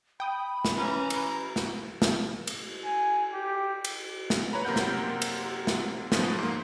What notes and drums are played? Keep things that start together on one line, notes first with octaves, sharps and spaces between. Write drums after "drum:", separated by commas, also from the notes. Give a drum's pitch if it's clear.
G5 B5 D#6
drum: snare
E3 C#4 A#5
drum: cymbal
drum: snare
drum: snare
drum: cymbal
G#5
G4
drum: cymbal
drum: snare
B4 C#5 A#5 B5
F#2 C3 A#3 A#4 F#5 G6
drum: snare
drum: cymbal
drum: snare
G#2 B2 F3 F#3 A#3 B3, drum: snare
G#2 A#3